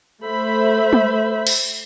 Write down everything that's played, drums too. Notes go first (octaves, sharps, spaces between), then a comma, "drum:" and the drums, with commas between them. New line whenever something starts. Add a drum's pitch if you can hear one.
A3 C5 E5 B5
drum: tom
drum: cymbal